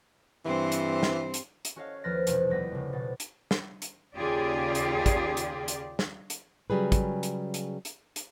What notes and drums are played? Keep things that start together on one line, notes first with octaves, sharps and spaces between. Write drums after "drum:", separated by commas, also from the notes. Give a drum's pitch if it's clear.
G2 E3 C4 C5
drum: hi-hat
drum: snare
drum: hi-hat
drum: hi-hat
C#4 F#4 A4 C#5 D#5 F5
D#2 F3 B4 F6 A6 A#6
E1 F2 C3 C4, drum: hi-hat
D#2 G3 B3 B5 A#6
F1 C#3
F1 B2 A6
drum: hi-hat
drum: snare
drum: hi-hat
D#2 C#3 F4 G4 G#4 D5
drum: hi-hat
drum: kick, hi-hat
drum: hi-hat
drum: hi-hat
drum: snare
drum: hi-hat
C#3 F#3 G3 G#4 B4
drum: kick, hi-hat
drum: hi-hat
drum: hi-hat
drum: hi-hat
drum: hi-hat